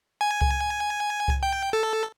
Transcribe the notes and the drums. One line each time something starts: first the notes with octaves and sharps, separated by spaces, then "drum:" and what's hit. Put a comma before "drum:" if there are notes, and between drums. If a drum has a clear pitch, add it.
G#5
drum: kick C2
drum: kick C2
G5
A4